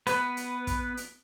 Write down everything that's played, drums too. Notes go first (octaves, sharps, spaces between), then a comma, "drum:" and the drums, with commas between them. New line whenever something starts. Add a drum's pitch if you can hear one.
B3 B4, drum: hi-hat
drum: hi-hat
drum: kick, hi-hat
drum: hi-hat